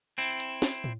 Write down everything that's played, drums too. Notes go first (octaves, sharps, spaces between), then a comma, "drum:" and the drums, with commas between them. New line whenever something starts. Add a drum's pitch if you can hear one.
C4 E4
drum: hi-hat
drum: snare
drum: tom